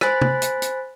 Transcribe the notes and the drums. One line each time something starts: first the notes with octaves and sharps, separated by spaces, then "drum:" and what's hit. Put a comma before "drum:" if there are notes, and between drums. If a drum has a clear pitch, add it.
C5 G#5 B5 F#6 A6 B6, drum: rim click
drum: tom
drum: hi-hat
drum: hi-hat